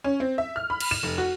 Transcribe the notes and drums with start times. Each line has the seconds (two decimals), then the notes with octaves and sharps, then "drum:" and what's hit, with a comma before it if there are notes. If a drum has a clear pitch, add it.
0.04 C#4
0.20 C4
0.38 E5
0.56 F6
0.70 B5
0.80 drum: cymbal
0.91 E7
1.03 F1
1.18 F#4